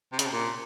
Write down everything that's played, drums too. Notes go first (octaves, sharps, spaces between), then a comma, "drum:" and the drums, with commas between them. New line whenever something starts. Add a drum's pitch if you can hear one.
C3
C#3, drum: hi-hat
C3
A#2